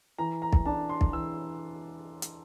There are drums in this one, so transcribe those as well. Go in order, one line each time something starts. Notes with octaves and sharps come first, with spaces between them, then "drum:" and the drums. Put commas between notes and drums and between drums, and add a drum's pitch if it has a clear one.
E3 A#5
A#5
drum: kick
D4 A5
C6
drum: kick
E3 E6
drum: hi-hat